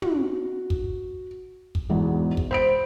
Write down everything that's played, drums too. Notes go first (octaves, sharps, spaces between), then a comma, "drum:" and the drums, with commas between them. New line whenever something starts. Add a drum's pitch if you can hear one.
F#4, drum: tom
drum: kick
drum: kick
E2 G#2 B2 E3
drum: kick
C5 B5 D7